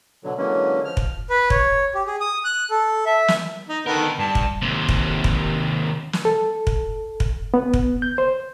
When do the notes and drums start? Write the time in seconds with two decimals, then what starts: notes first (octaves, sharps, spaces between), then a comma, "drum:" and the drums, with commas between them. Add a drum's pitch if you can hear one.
0.24 B2 D3 F#3
0.38 D3 E3 F#3 G#3 A#3 C#4
0.85 F3 F6
0.97 drum: kick
1.30 B4
1.50 C#5, drum: kick
1.95 G4
2.07 G#4
2.21 D#6
2.45 F#6
2.71 A4
3.06 E5
3.28 drum: snare
3.69 D#4
3.86 D3 D#3 B3 A4 A#4
4.19 G2 A5
4.35 drum: kick
4.62 D#2 C3
4.89 drum: kick
5.24 drum: kick
6.13 drum: snare
6.25 A4
6.67 drum: kick
7.20 drum: kick
7.54 B3
7.74 drum: kick
8.02 G6
8.18 C5